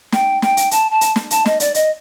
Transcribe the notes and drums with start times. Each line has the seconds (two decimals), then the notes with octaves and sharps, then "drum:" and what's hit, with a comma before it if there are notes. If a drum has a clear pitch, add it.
0.12 G5, drum: snare
0.42 G5, drum: snare
0.57 drum: hi-hat
0.71 A5, drum: hi-hat
0.91 A5
1.01 drum: hi-hat
1.16 drum: snare
1.31 A5, drum: hi-hat
1.46 D#5, drum: snare
1.60 D5, drum: hi-hat
1.74 D#5, drum: hi-hat